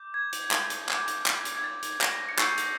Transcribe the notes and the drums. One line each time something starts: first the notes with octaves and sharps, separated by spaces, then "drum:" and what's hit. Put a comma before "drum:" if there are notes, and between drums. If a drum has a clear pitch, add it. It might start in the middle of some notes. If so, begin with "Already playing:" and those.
Already playing: D6 G6
G#6
drum: hi-hat
drum: clap
drum: hi-hat
D6 G6, drum: clap
drum: hi-hat
drum: clap
drum: hi-hat
G#6
A6
drum: hi-hat
A#6, drum: clap
C#7
C#6 E6 G6 C7, drum: clap
drum: hi-hat